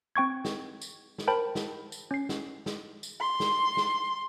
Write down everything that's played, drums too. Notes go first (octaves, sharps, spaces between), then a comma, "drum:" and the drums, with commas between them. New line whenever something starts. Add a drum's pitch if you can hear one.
C4 G5 C#6 G#6
drum: snare
drum: tambourine
drum: snare
A#4 C5 G5 A5 B5
drum: snare
drum: tambourine
C#4 C7
drum: snare
drum: snare
drum: tambourine
C6
drum: snare
drum: snare